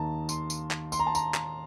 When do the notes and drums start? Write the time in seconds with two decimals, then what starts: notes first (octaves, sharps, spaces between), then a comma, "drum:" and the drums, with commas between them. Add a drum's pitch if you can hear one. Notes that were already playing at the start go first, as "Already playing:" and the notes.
Already playing: D#2 D#3 A5 A#5
0.29 C6, drum: tambourine
0.50 drum: tambourine
0.71 drum: clap
0.92 C6, drum: tambourine
0.99 A#5
1.07 A5
1.15 A#5, drum: tambourine
1.34 drum: clap